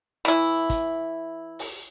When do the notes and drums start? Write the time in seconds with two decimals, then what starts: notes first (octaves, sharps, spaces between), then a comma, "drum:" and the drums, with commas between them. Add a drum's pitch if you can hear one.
0.25 E3 E4, drum: hi-hat
0.70 drum: kick, hi-hat
1.59 drum: open hi-hat